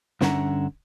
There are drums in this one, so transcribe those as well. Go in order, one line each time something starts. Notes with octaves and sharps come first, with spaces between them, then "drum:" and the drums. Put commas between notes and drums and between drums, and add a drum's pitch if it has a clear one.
G2 D3 C#4 E5 F#5 A#5, drum: snare